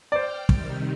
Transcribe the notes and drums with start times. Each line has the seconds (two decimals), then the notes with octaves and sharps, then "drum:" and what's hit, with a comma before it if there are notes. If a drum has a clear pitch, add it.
0.12 C5 D5 G5 F6 G6
0.49 C3 D#3 G3, drum: kick